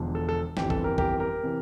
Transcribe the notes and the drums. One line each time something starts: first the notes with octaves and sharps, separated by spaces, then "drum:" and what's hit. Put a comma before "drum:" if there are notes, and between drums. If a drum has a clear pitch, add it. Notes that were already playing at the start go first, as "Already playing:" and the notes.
Already playing: E1 E2 D3 F3
A4
A4
G1 F2 E3 G4, drum: snare
A4, drum: kick A#1
G4 A#4
G4 A#4, drum: kick A#1
G4 A#4
C3 E3